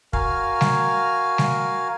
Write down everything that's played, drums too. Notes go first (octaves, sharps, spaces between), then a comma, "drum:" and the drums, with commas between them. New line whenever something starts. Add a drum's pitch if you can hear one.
F#4 A#4 F5 G#5 F6, drum: kick
drum: snare G3
drum: snare G3